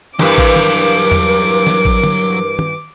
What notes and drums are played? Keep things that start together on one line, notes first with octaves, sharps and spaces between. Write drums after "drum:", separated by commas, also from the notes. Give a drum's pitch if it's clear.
G2 E3 F#3 A#4 F5 D6, drum: snare
drum: kick A1
drum: tom D#3
drum: tom E2
drum: snare
drum: kick A1
drum: tom D3
drum: tom D#3